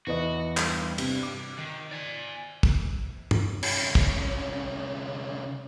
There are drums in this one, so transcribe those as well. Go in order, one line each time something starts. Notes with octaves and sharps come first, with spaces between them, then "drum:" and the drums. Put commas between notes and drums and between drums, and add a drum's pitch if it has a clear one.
E2 F#4 B4 D#5
G2, drum: clap
C3, drum: cymbal
D6
D#3
D5 G#5
drum: kick
drum: tom
C2 C#4, drum: cymbal
drum: kick